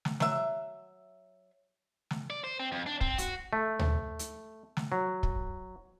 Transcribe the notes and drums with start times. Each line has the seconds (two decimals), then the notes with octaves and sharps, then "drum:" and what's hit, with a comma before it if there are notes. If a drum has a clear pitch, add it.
0.05 drum: snare
0.20 F#3 E5, drum: snare
2.11 drum: snare
2.30 D5
2.44 C5
2.60 C4
2.72 F2
2.87 D4
3.01 C4, drum: kick
3.18 F#4, drum: hi-hat
3.53 A3
3.79 drum: tom D2
4.19 drum: hi-hat
4.77 drum: snare
4.92 F#3
5.23 drum: kick